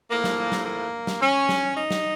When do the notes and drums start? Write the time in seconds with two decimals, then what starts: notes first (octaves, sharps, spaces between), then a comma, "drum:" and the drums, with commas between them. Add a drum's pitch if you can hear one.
0.10 A2 F3 A3 A#3
0.24 drum: snare
0.52 drum: snare
0.65 A#3
1.07 drum: snare
1.22 C#4
1.49 drum: snare
1.77 D#4
1.91 drum: snare